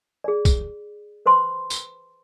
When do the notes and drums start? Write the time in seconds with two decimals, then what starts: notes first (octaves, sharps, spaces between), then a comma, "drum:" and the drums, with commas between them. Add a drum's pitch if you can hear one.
0.24 G#4 D5
0.45 drum: kick, tambourine
1.26 B4 C5 B5 C6
1.70 drum: tambourine